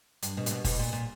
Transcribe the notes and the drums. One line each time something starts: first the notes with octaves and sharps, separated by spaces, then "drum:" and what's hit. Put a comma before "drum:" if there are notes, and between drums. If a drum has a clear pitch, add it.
G2, drum: hi-hat
B2
A#2, drum: hi-hat
B2
B2, drum: kick, open hi-hat
A#2
A#2